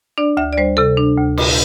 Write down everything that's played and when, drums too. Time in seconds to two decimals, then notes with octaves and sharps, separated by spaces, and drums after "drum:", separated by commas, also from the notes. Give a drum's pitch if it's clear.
0.18 D4 D5
0.37 D2 E5
0.53 D5
0.58 G3 C5
0.77 C3 A4
0.97 D4
1.18 D2
1.38 A#2, drum: cymbal